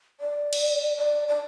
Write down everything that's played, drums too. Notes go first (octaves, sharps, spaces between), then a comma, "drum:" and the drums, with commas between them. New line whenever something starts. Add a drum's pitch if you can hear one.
D5
drum: cymbal
D5
D5